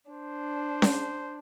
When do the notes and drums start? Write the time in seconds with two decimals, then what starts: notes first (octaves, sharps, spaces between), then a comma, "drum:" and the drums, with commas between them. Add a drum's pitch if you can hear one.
0.10 D4 C5
0.82 drum: snare C#4